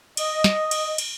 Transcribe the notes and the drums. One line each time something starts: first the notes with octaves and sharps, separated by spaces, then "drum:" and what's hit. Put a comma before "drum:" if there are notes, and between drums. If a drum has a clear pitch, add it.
D#5, drum: cymbal
drum: snare
drum: cymbal
drum: cymbal